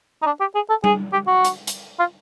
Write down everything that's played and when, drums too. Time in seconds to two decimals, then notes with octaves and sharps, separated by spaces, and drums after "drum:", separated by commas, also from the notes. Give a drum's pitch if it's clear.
0.22 D#4
0.26 D4
0.40 G4
0.55 G#4
0.69 A4
0.84 G#4, drum: tom G3
1.13 G4
1.27 F#4
1.45 drum: hi-hat
1.67 drum: hi-hat
1.99 F4